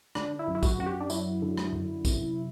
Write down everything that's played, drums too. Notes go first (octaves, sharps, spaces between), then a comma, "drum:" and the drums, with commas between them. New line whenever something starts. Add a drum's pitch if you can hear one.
D3 D4, drum: rim click
E4
F#2
E4
F#4, drum: kick, tambourine
F#2 F#4
G4
D4
F#3 E4, drum: tambourine
D3
drum: rim click
F#2
C3, drum: kick, tambourine